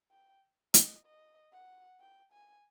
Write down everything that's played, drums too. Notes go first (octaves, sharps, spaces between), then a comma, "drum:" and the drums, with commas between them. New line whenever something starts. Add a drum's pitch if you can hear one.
G5
D#5, drum: hi-hat
D#5
F#5
G5
G#5